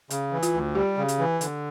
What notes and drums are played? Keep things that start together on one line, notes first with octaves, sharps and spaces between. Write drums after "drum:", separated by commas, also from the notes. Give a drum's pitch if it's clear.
C#3, drum: hi-hat
E3
F4, drum: hi-hat
D2
G3 G4
C#3
drum: hi-hat
E3
D3, drum: hi-hat